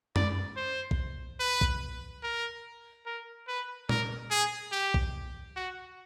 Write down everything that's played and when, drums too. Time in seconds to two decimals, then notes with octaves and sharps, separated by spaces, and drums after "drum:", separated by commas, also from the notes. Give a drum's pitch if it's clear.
0.16 D5, drum: tom F#2
0.57 C5
0.91 drum: kick
1.40 B4
1.61 drum: kick
2.23 A#4
3.06 A#4
3.48 B4
3.89 A#4, drum: tom A#2
4.31 G#4
4.72 G4
4.94 drum: kick
5.56 F#4